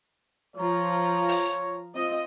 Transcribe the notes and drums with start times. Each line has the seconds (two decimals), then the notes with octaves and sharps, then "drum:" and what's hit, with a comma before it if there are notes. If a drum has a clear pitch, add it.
0.56 F3 F4 C#5 A#5
1.29 drum: open hi-hat
1.95 C4 F4 D#5